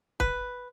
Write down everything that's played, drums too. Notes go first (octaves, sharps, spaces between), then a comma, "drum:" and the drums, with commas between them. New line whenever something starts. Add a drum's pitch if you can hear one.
B4, drum: kick